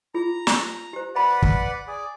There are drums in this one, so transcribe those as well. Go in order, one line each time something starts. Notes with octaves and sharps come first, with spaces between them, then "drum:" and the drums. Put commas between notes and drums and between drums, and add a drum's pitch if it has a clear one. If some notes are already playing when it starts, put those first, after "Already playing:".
F4 G#4 A#5
drum: snare
G4 C5
B4 D5 E5 F#5 B5
drum: kick
G#4 D5